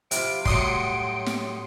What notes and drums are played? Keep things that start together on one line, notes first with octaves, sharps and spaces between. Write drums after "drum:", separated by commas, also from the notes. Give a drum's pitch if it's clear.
C3 E4 F4 D7, drum: hi-hat
A2 F#3 G3 C6 D#6 C#7, drum: kick
drum: snare